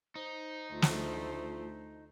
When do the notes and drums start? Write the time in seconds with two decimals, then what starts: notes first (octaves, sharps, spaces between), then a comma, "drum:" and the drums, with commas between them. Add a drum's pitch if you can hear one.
0.15 D#4 C5
0.73 D2 A3 F4 C5
0.82 drum: snare